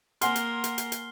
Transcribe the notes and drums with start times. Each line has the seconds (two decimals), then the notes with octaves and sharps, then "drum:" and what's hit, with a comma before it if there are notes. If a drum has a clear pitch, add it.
0.21 A#3 A#4 F#5 G#5 C6 F6 C7 G7, drum: hi-hat
0.36 drum: hi-hat
0.64 drum: hi-hat
0.78 drum: hi-hat
0.92 drum: hi-hat